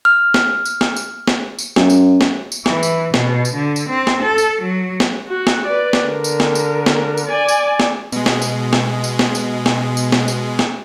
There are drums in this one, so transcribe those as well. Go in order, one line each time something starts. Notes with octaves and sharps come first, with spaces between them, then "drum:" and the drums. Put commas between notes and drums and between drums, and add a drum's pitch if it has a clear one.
F6
drum: snare
drum: tambourine
drum: snare
drum: tambourine
drum: snare
drum: tambourine
F#2, drum: snare
drum: tambourine
drum: snare
drum: tambourine
E3, drum: snare
drum: tambourine
B2, drum: snare
drum: tambourine
D3
drum: tambourine
C4
drum: snare
A4
drum: tambourine
F#3
drum: snare
F#4
drum: snare
B4 D5
drum: snare
D3 A#4
drum: tambourine
drum: snare
drum: tambourine
drum: snare
drum: tambourine
D5 G#5
drum: tambourine
drum: snare
B2 G#3, drum: tambourine
drum: snare
drum: tambourine
drum: snare
drum: tambourine
drum: snare
drum: tambourine
drum: snare
drum: tambourine
drum: snare
drum: tambourine
drum: snare